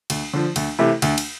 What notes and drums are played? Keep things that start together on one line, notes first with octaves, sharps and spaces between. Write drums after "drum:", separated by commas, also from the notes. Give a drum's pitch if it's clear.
D2, drum: cymbal
D3 F3
D2, drum: cymbal
C3 E3 A3 E4
D2, drum: cymbal
drum: cymbal